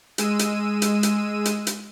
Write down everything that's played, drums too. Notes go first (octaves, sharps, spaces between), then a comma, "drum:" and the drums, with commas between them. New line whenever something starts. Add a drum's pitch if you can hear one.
G#3 E6 D#7, drum: hi-hat
drum: hi-hat
drum: hi-hat
drum: hi-hat
drum: hi-hat
drum: hi-hat